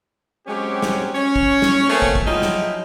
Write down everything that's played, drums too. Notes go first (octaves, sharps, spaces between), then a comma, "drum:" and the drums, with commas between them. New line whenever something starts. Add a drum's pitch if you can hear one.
F#3 G#3 C4 C#4 G4
drum: snare
C#4 C#5
drum: kick
drum: snare
A3 A#3 C4 C#4 F#4 G#4
drum: kick
drum: kick
F3 F#3 G#3 D#4 E4 G5
drum: snare